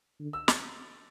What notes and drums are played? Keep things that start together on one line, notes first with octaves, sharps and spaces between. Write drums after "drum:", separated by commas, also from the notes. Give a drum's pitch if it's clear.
D3
E6
A6, drum: snare